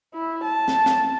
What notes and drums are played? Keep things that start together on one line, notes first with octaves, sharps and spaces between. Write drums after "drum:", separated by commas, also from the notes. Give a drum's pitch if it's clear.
E4
A5
drum: snare
drum: snare